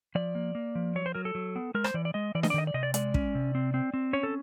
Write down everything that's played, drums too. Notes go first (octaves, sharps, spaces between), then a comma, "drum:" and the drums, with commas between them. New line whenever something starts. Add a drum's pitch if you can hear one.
F3 D5
A#3
A#3
F3
F#3 C#5
C5
F#3 A#4
A4
F#3
B3
G#3 A#4
C5, drum: rim click
E3 D5
D5
G#3 D#5
E3 D5
D#5, drum: snare D4
D5
D#3 D#5
D5
C3 D#5
D5
G#3 D5, drum: hi-hat
C#4, drum: kick
C3
C4
C4
C4
C#4 C#5
A4